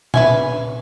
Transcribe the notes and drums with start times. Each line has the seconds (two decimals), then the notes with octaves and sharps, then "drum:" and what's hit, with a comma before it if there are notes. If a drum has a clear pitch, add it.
0.14 B4 E5 G#5, drum: tom A#2